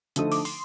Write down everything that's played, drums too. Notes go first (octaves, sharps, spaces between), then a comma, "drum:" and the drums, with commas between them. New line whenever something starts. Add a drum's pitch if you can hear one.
D3 F3 A3 D#4 A4 D#6, drum: hi-hat
D6, drum: open hi-hat
C6, drum: open hi-hat